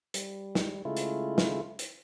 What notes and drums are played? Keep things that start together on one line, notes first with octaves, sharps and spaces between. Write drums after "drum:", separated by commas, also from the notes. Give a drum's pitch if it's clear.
G3, drum: hi-hat
drum: snare
C#3 G#3 A3 E4 F4
drum: hi-hat
drum: snare
drum: hi-hat